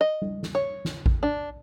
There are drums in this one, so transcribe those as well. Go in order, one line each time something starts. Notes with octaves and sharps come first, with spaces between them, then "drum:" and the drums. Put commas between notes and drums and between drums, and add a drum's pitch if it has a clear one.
D#5
drum: tom G3
drum: snare
C#5
drum: snare
drum: kick A1
D4